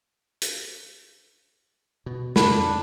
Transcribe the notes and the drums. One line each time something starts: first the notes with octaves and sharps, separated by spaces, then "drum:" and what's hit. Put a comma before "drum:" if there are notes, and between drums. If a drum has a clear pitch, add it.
drum: hi-hat
B2
F2 G#2 C#3 D4 B5, drum: snare